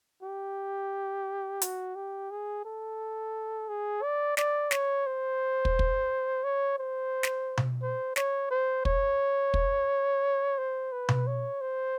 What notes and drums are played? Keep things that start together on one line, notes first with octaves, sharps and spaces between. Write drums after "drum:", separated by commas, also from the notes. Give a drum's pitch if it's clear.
G4
F#4, drum: hi-hat
G4
G#4
A4
G#4
D5
D5, drum: snare
C#5, drum: snare
C5
drum: kick
drum: kick
C#5
C5
drum: snare
drum: tom B2
C5
C#5, drum: snare
C5
C#5, drum: kick
drum: kick
C5
B4
drum: tom B2
C#5
C5